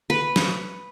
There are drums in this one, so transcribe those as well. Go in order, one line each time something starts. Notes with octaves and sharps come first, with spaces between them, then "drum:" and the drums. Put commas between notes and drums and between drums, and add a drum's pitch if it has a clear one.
B4
drum: snare